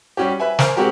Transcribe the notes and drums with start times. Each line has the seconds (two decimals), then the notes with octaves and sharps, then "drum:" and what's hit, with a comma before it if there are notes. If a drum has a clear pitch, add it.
0.17 G3 C#4 F#4 G4
0.40 B4 E5 G#5
0.59 A#4 C5 G#5, drum: snare
0.77 G#3 C4 F#4 G4 A#4